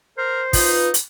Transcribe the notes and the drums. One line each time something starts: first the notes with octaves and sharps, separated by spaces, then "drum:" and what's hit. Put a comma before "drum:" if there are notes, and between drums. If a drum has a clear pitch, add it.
A#4 C5
D#4 F4 B4, drum: kick, open hi-hat
drum: hi-hat